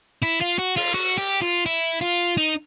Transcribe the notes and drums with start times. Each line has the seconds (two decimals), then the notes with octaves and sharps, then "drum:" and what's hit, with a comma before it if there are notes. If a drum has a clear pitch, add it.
0.22 E4
0.41 F4
0.58 F#4
0.76 F4, drum: open hi-hat
0.94 F#4
1.18 G4
1.42 F4
1.66 E4
2.01 F4
2.37 D#4